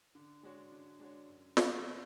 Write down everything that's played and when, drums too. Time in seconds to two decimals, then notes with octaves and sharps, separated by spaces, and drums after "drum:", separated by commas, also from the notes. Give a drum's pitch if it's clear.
0.15 D3
0.43 G#3 D4 F#4 C#5
0.72 D3
1.00 G#3 D4 F#4 C#5
1.29 F#2
1.57 C#3 G#3, drum: snare